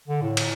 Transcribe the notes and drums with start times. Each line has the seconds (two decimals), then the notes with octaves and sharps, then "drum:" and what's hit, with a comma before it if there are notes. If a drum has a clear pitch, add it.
0.08 D3
0.22 A2
0.37 drum: cymbal